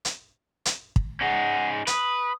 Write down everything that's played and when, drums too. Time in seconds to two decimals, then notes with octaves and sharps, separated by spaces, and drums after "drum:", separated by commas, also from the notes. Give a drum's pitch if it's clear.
0.05 drum: hi-hat
0.65 drum: hi-hat
0.96 drum: kick
1.21 C#4 D#4 G#4 F#5
1.87 B4 D#6, drum: hi-hat